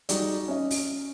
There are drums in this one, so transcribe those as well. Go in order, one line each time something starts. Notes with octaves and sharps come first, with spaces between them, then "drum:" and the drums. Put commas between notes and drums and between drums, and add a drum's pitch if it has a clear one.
G3 D#4 F#4 G#4 D5, drum: hi-hat
C#4 D#5
drum: open hi-hat